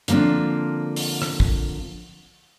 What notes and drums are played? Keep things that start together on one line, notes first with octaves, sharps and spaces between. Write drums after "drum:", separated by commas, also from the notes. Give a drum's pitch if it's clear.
D3 F3 A#3 C4 D4, drum: hi-hat
drum: open hi-hat
drum: rim click
drum: kick